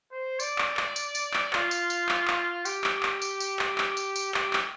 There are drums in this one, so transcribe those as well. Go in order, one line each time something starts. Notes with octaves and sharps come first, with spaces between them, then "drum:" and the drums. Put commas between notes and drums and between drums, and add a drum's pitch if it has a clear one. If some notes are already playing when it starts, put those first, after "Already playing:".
C5
D5, drum: tambourine
drum: clap
drum: clap
drum: tambourine
drum: tambourine
drum: clap
F4, drum: clap
drum: tambourine
drum: tambourine
drum: clap
drum: clap
G4, drum: tambourine
drum: clap
drum: clap
drum: tambourine
drum: tambourine
drum: clap
drum: clap
drum: tambourine
drum: tambourine
G4, drum: clap
drum: clap